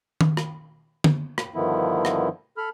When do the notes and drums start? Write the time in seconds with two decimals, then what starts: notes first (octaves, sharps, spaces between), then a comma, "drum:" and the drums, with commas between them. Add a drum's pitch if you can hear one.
0.21 drum: tom D#3
0.37 drum: rim click
1.04 drum: tom
1.38 drum: rim click
1.55 G2 D3 D#3 F3 B3 E4
2.05 drum: rim click
2.57 A4 B5 F6